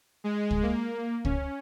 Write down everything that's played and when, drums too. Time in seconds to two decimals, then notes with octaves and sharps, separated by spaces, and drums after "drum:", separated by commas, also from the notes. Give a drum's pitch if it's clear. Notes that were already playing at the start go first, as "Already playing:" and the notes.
0.24 G#3
0.51 drum: kick
0.63 A#3
1.25 C#4, drum: kick